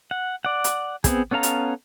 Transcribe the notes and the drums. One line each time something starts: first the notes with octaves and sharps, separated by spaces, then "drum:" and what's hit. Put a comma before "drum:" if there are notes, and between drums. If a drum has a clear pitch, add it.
F#5
D5 F#5
drum: hi-hat
B3 C4 G#4, drum: kick, hi-hat
B3 C#4 A4 F5 A#5
drum: hi-hat